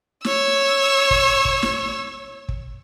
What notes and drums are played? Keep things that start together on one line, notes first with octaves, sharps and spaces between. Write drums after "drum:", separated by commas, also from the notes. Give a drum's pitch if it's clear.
C#5 E6, drum: snare
drum: kick
drum: kick
drum: snare
drum: kick